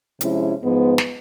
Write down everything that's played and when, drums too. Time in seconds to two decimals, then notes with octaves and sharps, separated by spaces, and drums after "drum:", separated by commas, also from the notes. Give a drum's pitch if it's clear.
0.21 C3 F3 G#3 C#4 E4, drum: hi-hat
0.63 G#2 F3 G#3 B3
0.98 drum: snare